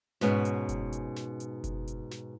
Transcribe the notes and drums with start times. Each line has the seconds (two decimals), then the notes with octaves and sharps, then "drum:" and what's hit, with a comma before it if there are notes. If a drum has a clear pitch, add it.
0.21 G#2 B2 C#4, drum: snare
0.45 drum: hi-hat
0.69 drum: kick F#1, hi-hat
0.93 drum: hi-hat
1.16 drum: snare
1.40 drum: hi-hat
1.64 drum: kick F#1, hi-hat
1.88 drum: hi-hat
2.11 drum: snare